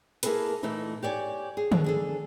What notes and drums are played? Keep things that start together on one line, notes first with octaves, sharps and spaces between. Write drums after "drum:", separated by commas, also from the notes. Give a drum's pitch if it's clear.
A#3 E4 F4 G#4 A4 B4, drum: hi-hat
A#2 E3 A3 D#4 E4
G4 C#5 D5 G#5
G#4
B2 D3, drum: tom
D4 G#4 A4